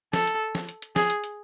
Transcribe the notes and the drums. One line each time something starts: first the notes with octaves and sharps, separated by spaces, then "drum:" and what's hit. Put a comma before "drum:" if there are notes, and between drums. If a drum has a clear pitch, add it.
A4, drum: snare
drum: hi-hat
drum: snare
drum: hi-hat
drum: hi-hat
G#4, drum: snare
drum: hi-hat
drum: hi-hat